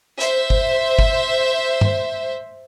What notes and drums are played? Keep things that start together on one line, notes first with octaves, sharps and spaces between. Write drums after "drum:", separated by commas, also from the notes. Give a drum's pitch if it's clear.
C5 E5, drum: hi-hat
drum: kick G1
drum: kick G1
drum: tom G2